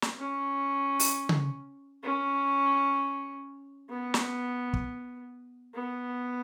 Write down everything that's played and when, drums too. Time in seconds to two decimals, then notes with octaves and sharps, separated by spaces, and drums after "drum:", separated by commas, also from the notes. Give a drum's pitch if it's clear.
0.02 drum: snare
0.19 C#4
1.00 drum: open hi-hat
1.29 drum: tom C#3
2.04 C#4
3.90 B3
4.14 drum: snare
4.73 drum: kick
5.75 B3